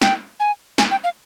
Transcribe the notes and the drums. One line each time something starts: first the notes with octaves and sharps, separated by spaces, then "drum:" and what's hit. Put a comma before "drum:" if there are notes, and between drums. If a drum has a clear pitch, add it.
G5, drum: snare
G#5
G#5, drum: snare
G5
F5